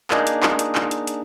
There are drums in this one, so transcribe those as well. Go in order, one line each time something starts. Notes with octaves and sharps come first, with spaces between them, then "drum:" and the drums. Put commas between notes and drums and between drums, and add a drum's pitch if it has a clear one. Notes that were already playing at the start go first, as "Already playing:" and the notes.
A#3 D4 D#4 G#4 D#5, drum: clap
drum: hi-hat
drum: clap
drum: hi-hat
drum: clap
drum: hi-hat
drum: hi-hat